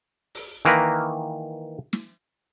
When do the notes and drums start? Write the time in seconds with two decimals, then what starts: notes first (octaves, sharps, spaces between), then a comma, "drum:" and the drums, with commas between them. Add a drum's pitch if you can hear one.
0.35 drum: open hi-hat
0.65 D#3 E3 A#3 A#4 B4
1.93 drum: snare